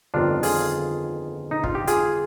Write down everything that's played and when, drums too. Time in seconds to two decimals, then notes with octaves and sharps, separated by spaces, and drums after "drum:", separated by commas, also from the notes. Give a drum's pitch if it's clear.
0.14 G1 F2 D#3 D4 F4
0.43 F4 G#4, drum: open hi-hat
1.51 D#4
1.64 F4, drum: kick
1.75 G4
1.87 F4 G#4, drum: hi-hat